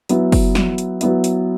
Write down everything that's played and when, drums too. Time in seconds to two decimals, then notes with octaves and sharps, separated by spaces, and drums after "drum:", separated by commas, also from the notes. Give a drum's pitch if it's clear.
0.09 F#3 B3 E4, drum: hi-hat
0.32 drum: kick, open hi-hat
0.55 drum: snare
0.78 drum: hi-hat
1.01 F#3 B3 E4, drum: hi-hat
1.24 drum: hi-hat